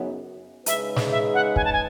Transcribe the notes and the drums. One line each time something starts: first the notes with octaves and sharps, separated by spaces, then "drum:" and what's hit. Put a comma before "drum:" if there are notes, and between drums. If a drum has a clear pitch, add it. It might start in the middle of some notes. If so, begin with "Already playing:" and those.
Already playing: F#2 C#3 F#3 B3 D#4
C#3 G#3 D#4 G#4 B4 E5, drum: hi-hat
drum: snare
E5
F#5
G#5, drum: kick
A5
G#5